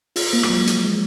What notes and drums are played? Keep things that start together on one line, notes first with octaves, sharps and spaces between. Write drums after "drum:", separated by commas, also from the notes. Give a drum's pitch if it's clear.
F4, drum: open hi-hat
A#3
G#3, drum: rim click
F#3
F#3
F3, drum: hi-hat
G#3